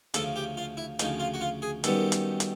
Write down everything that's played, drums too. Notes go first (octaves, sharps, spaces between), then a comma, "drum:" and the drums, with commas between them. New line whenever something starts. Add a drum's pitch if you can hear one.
D2 C#3 F3 A4, drum: hi-hat
G4
F4
E4
D2 C#3 F3 D#4, drum: hi-hat
F4
F#4
F4
G#4
F#2 D#3 G3 B3 A4, drum: hi-hat
drum: hi-hat
drum: hi-hat